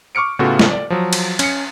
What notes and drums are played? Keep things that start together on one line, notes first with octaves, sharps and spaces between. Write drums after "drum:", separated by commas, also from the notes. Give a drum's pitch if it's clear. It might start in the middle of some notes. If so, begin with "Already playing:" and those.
C#6 D6 F6 C#7 D7
A2 C#3 B3 F4 F#4 A4
drum: snare
D5
F3 F#3
drum: cymbal
C#4 C#7, drum: cymbal